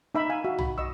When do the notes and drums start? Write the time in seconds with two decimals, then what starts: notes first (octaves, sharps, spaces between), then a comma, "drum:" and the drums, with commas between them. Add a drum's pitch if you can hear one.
0.15 D#4 E5 B5
0.30 F5 G#5
0.44 F#4 E5 F5
0.58 F#4 B5, drum: tom
0.78 D#5 C#6 E6